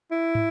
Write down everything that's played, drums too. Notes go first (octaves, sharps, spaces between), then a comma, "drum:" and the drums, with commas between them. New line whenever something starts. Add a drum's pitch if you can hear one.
E4
drum: tom